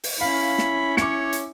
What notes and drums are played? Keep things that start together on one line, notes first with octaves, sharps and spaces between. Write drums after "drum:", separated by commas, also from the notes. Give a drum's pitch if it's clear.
drum: open hi-hat
C#4 E4 F5 B5
drum: snare
C#5 D6 C#7, drum: snare
drum: hi-hat